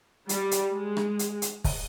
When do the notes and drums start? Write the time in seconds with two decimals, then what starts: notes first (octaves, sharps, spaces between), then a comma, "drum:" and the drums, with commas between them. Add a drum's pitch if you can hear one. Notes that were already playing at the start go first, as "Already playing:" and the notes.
0.29 G3, drum: hi-hat
0.51 drum: hi-hat
0.74 G#3
0.97 drum: rim click
1.19 drum: hi-hat
1.42 drum: hi-hat
1.64 drum: kick, open hi-hat